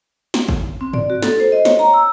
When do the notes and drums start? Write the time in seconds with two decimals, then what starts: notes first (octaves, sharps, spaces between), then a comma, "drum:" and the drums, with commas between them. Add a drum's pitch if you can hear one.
0.34 drum: snare
0.49 drum: kick
0.81 C4
0.93 D5, drum: tom G2
1.10 F#4
1.22 A4, drum: snare
1.40 C5
1.52 D#5
1.65 C#5, drum: snare
1.79 A#5
1.94 E6